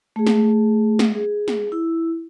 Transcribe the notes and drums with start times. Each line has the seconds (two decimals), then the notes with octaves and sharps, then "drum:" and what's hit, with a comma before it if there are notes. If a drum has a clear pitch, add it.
0.16 A3 G#4
0.27 drum: snare G#3
0.99 drum: snare G#3
1.15 G#4
1.48 drum: snare G#3
1.72 E4